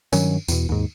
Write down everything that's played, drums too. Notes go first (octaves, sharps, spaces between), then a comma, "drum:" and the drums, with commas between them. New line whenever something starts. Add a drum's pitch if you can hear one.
G2 D#3 F#3 C#4, drum: tambourine
E2 B2, drum: tambourine
D#2 G#2